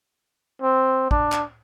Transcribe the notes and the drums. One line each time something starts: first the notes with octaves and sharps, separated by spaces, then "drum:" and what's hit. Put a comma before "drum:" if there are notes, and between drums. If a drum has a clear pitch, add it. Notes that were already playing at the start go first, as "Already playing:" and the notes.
C4
D4, drum: kick G#1
drum: clap